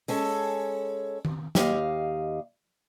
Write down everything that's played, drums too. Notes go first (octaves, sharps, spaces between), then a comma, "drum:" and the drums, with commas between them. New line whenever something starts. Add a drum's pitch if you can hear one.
G#3 C#4 A4, drum: open hi-hat
drum: tom D#3
D#2 G4 D#5 F5, drum: snare